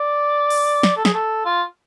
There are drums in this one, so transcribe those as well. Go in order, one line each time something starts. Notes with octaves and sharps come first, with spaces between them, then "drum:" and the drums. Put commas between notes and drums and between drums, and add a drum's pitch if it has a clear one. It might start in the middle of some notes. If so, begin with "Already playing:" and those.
Already playing: D5
drum: open hi-hat
drum: snare
A4
G#4, drum: snare
A4
F4